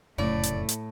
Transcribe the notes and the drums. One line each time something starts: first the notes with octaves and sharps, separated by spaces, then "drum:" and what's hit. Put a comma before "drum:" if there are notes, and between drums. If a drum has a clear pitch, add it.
F1 F#2 A2 C#3 A3 D5
drum: hi-hat
drum: hi-hat